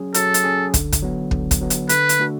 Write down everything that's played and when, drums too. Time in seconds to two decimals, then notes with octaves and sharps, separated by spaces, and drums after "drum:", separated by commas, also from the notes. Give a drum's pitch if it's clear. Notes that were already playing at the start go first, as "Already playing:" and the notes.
Already playing: F#3 C#4 G#4
0.14 F#3 A4, drum: hi-hat
0.34 drum: hi-hat
0.44 C#4 G#4
0.74 D3, drum: kick, hi-hat
0.92 drum: kick, hi-hat
1.02 F#3 B3
1.31 D3, drum: kick
1.51 drum: kick, hi-hat
1.61 F#3 B3
1.70 drum: hi-hat
1.89 D3 B4, drum: hi-hat
2.09 drum: hi-hat
2.19 A3 D4 F#4 A4